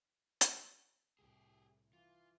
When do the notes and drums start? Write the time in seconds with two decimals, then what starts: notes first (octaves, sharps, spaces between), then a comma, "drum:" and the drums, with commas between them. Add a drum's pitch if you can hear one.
0.41 drum: hi-hat
1.19 C2 A2 G4 G#4
1.93 E3 F4